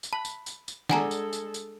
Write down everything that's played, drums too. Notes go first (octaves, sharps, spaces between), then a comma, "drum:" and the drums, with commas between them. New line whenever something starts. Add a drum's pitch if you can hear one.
drum: tambourine
A5 B5
drum: tambourine
drum: tambourine
drum: tambourine
G#3 D4 A4 F#5 G#5 A#5, drum: snare
drum: tambourine
drum: tambourine
drum: tambourine